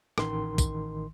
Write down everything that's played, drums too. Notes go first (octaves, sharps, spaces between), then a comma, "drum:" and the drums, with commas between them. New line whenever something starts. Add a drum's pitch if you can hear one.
A1 D#3 C6, drum: rim click
drum: kick, tambourine